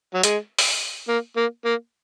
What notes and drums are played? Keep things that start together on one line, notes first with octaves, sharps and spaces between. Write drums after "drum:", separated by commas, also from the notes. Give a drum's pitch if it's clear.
F#3
G#3, drum: hi-hat
drum: open hi-hat
A#3
A#3
A#3